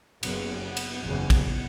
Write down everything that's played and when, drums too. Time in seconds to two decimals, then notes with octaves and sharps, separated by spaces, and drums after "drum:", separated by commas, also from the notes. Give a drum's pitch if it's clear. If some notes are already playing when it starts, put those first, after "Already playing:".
0.23 F#1 F#2 C#3 B3, drum: cymbal
0.63 B3
0.77 drum: cymbal
1.03 F#1 E2 C#3 B3
1.30 drum: kick, cymbal